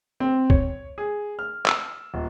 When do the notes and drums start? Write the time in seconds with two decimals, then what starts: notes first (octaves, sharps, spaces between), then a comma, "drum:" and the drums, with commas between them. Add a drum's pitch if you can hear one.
0.20 C4
0.50 C#5, drum: kick
0.98 G#4
1.39 F6
1.66 E6, drum: clap
2.14 D#1